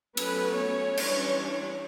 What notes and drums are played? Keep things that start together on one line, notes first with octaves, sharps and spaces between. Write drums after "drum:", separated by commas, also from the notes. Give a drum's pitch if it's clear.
F#3 A3 B3 C#4 B4, drum: cymbal
C#4 C#5
E3 G3 D4, drum: cymbal